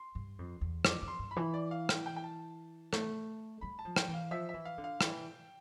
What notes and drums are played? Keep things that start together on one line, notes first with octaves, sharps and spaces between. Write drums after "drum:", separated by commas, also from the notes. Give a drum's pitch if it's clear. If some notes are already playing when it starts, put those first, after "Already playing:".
Already playing: C6
G2
F2
E2
F2 D6, drum: rim click
F2 D6
C6
G2
B5
E3
D5
F5
G5, drum: rim click
G5
G5
A5
A3, drum: rim click
G3 B5
A5
F3
G5, drum: rim click
E3
F5
F3 E5
E5
E3
F5
D3
F5
E3 G5, drum: rim click